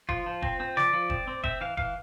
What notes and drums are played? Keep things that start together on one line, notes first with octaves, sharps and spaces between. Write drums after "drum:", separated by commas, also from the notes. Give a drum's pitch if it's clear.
F3 F4, drum: kick F1
F3
C4, drum: kick F1
C4
F3 D5, drum: snare
F3
C4, drum: kick F1
C4
C4 E5, drum: kick F1
E3 F5
E3 F5, drum: kick F1